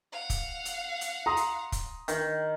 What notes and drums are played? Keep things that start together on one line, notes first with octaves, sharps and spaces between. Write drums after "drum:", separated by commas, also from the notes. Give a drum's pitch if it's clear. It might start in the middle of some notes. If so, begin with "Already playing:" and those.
F5 F#5
drum: kick, hi-hat
drum: hi-hat
drum: hi-hat
A#5 C6 D#6
drum: hi-hat
drum: kick, hi-hat
D#3, drum: hi-hat